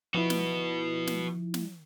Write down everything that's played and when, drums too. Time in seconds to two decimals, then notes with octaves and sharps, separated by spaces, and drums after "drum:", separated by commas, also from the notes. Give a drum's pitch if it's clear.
0.14 F3 E4 F#4 B4
0.30 drum: snare
1.07 drum: snare
1.54 drum: snare